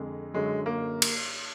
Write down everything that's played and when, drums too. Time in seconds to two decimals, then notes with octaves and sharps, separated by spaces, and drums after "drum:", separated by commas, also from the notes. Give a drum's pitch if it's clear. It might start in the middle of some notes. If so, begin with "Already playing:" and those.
Already playing: F2 D3 G#3
0.34 F#2 D3 F#3 G#3
0.66 A#3
1.02 drum: cymbal